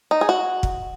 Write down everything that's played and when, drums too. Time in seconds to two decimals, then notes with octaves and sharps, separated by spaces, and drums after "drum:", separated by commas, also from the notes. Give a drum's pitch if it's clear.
0.11 D#4
0.21 G#4
0.29 F#4
0.63 drum: kick